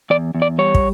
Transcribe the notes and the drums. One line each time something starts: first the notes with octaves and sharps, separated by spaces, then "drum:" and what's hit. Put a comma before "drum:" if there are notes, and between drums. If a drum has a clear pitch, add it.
E2 D5
E2
D5
G3 C#5
drum: kick